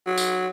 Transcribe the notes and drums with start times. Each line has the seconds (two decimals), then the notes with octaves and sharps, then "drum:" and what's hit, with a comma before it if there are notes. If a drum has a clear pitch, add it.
0.06 F#3
0.18 drum: tambourine